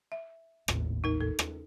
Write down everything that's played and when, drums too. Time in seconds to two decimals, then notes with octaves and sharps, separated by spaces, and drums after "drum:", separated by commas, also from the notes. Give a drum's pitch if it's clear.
0.12 E5
0.68 G#1 D#2 A2, drum: rim click
1.04 D#4 A#4
1.21 A4
1.39 drum: rim click